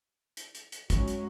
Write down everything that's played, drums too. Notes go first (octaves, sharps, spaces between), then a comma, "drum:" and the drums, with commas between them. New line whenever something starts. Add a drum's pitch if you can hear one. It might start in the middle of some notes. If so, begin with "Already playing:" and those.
drum: hi-hat
drum: hi-hat
drum: hi-hat
F#2 F#3 G#3 C#4 F#4, drum: kick, hi-hat
drum: hi-hat